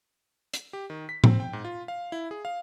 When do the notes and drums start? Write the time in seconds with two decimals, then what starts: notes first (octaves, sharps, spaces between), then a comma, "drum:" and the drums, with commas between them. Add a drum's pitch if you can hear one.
0.53 drum: hi-hat
0.73 G4
0.90 D#3
1.09 B6
1.24 C4, drum: tom A2
1.40 G5
1.53 G#2
1.65 F4
1.88 F5
2.12 E4
2.31 G#4
2.45 F5